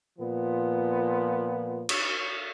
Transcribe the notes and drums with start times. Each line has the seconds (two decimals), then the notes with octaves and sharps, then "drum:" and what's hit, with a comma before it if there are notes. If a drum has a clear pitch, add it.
0.19 A#2 F3 B3
1.89 drum: cymbal